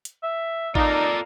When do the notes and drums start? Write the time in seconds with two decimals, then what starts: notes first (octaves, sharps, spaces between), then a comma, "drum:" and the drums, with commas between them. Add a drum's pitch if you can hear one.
0.05 drum: hi-hat
0.23 E5
0.75 A#3 D#4 F4 A4 D5, drum: kick G#1